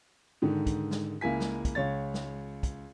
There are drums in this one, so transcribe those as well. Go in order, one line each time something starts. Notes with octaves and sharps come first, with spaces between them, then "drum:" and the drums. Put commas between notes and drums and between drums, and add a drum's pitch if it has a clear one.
G#2 D3 D#3
drum: kick, hi-hat
drum: snare
C#2 A#3 E4 G#5 B6
drum: snare
drum: kick, hi-hat
C#2 C#5 A6
drum: snare
drum: kick, hi-hat